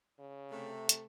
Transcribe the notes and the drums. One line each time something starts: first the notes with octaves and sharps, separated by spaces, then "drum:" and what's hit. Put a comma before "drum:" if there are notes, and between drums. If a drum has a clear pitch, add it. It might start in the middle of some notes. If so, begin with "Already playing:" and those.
C#3
C3 A3
drum: hi-hat